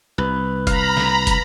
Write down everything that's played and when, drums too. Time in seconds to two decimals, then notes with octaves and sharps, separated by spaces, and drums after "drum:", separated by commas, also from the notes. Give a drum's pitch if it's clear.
0.18 C2 B4
0.67 F5 A#5 B5, drum: kick, hi-hat
0.97 drum: snare
1.27 drum: kick, hi-hat